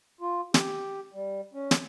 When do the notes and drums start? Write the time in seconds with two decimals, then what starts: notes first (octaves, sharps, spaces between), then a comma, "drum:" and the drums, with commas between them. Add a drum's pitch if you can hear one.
0.21 F4
0.54 G4, drum: snare
1.14 G3
1.54 C#4
1.71 drum: snare